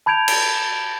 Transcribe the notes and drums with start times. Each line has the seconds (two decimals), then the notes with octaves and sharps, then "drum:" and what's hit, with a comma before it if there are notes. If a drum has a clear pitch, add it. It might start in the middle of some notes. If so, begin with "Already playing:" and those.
0.06 A5 B5 G6 G#6 D7 F7
0.28 drum: cymbal